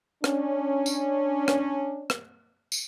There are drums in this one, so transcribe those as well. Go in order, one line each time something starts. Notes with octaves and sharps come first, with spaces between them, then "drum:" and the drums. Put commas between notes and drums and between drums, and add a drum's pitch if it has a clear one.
C#4 D4, drum: rim click
drum: tambourine
drum: rim click
drum: rim click
drum: tambourine